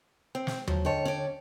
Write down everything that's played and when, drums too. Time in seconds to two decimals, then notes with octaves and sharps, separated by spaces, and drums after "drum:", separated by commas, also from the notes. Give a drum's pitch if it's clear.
0.35 C4 G5
0.47 drum: snare
0.68 F3 F#3, drum: tom D#2
0.85 G#2 D3 C#5 G5 A5
1.05 C#4 D5